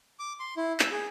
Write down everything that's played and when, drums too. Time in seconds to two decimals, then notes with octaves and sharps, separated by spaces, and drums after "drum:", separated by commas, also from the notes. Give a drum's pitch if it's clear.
0.19 D6
0.40 C6
0.57 E4
0.80 E6, drum: clap
0.92 G#4